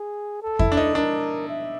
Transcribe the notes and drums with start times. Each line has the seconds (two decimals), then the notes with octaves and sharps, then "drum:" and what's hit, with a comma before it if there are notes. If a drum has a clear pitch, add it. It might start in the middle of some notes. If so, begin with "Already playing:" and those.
Already playing: G#4
0.42 A4
0.59 E4, drum: kick F2
0.72 D4
0.77 D#4
0.95 D4 A#4
1.49 E5